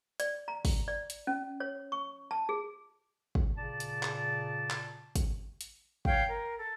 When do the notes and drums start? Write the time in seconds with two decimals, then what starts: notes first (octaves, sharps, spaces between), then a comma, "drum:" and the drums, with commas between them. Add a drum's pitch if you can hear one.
0.20 D5, drum: hi-hat
0.48 A#5
0.65 drum: kick, open hi-hat
0.88 D5
1.10 drum: hi-hat
1.27 C#4
1.60 C#5
1.92 C#6
2.31 A5
2.49 G#4
3.35 drum: kick
3.57 A#2 C#3 D5 A5
3.80 drum: hi-hat
4.03 drum: clap
4.70 drum: clap
5.16 drum: kick, hi-hat
5.61 drum: hi-hat
6.05 C#5 F5 G5, drum: kick
6.28 A#4
6.59 A4